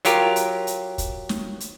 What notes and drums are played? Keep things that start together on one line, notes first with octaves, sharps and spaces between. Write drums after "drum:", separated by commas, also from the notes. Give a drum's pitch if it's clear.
F#3 F4 G4 A#4, drum: hi-hat
drum: hi-hat
drum: hi-hat
drum: kick, hi-hat
drum: snare
drum: hi-hat